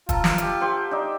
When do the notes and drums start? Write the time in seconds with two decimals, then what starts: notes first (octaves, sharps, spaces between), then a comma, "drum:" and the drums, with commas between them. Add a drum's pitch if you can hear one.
0.09 F4 A4 A#5, drum: kick, hi-hat
0.24 drum: snare
0.38 G4 E5, drum: hi-hat
0.60 G4 C5 F#5
0.91 D#4 D5 E5